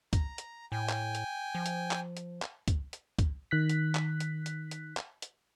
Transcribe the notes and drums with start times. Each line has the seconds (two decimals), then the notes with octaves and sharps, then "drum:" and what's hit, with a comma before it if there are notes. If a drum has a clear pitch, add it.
0.13 A#5, drum: kick, hi-hat
0.38 drum: hi-hat
0.72 A2 G5 G#5
0.89 drum: clap
1.15 drum: hi-hat
1.55 F3
1.66 drum: hi-hat
1.91 drum: clap
2.17 drum: hi-hat
2.42 drum: clap
2.68 drum: kick, hi-hat
2.93 drum: hi-hat
3.19 drum: kick, hi-hat
3.51 D#3 F#6 B6
3.69 drum: hi-hat
3.95 drum: clap
4.20 drum: hi-hat
4.46 drum: hi-hat
4.71 drum: hi-hat
4.97 drum: clap
5.22 drum: hi-hat